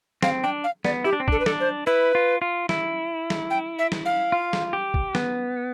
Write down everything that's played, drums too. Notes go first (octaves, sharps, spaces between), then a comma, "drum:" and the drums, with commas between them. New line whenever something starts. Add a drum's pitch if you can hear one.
C4 F5, drum: snare
D4 G5
F5
B3 D5, drum: snare
E4 G4
D4
C4
D4 A4, drum: kick
B4
D4 A4, drum: snare
C5
E4 B4
F4
F4
E4, drum: snare
drum: snare
G5
E5
drum: snare
F5
F4
drum: snare
G4
drum: kick
B3, drum: snare